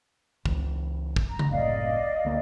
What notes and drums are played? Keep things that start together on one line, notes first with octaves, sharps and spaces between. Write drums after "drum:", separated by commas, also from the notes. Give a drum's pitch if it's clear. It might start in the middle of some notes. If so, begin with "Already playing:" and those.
C#2 E3, drum: kick
drum: kick
A#5
drum: tom C#3
F#1 C2 A2 D5 D#5 F5
D2 A#3